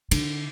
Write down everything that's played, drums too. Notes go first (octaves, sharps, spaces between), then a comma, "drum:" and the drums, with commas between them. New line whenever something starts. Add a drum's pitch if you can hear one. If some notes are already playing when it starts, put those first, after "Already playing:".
D3, drum: cymbal